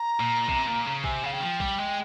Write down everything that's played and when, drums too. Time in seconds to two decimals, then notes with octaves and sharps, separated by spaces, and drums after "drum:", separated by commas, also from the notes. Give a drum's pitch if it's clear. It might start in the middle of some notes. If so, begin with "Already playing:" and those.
Already playing: A#5
0.20 A#2
0.48 C3, drum: kick A#1
0.67 A#2
0.86 C#3
1.04 C3 G#5, drum: kick A#1
1.23 C#3 F5
1.33 G5
1.41 F3
1.60 G3, drum: kick A#1
1.78 G#3